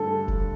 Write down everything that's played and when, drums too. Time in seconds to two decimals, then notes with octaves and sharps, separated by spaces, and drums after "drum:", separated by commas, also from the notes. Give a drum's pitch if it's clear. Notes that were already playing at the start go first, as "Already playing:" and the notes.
Already playing: G2 D3 A3 A4
0.28 drum: kick